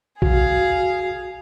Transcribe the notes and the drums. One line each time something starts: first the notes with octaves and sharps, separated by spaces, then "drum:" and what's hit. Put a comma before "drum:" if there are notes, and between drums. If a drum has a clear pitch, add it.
F#4 G#4 F5, drum: kick A#1